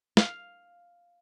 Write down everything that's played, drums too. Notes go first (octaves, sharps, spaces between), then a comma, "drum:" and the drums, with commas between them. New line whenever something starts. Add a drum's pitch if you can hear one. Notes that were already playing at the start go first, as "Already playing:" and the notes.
F5, drum: snare